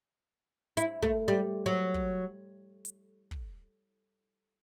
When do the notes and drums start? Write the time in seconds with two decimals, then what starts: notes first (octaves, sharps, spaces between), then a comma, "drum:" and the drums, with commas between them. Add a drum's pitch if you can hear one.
0.77 E4, drum: hi-hat
1.02 A3, drum: kick
1.28 G3
1.66 F#3
1.94 drum: kick
2.85 drum: hi-hat
3.31 drum: kick